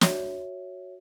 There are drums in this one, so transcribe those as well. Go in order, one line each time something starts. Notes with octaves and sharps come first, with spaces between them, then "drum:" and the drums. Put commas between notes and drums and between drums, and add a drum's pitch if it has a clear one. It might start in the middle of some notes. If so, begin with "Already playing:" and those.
F#4 C#5 E5, drum: snare